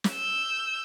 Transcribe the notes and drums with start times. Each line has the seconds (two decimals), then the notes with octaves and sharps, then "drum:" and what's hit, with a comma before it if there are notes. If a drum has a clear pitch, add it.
0.04 drum: snare
0.14 E6 G6